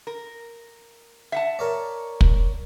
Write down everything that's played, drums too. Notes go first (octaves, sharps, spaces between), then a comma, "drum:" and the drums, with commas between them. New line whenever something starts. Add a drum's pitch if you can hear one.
A#4
E5 F#5 A5
A#4 C#5 D5
drum: kick